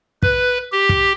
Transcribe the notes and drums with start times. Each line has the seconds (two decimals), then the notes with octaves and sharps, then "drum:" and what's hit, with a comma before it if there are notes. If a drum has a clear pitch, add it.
0.22 B4, drum: kick
0.72 G4
0.89 drum: kick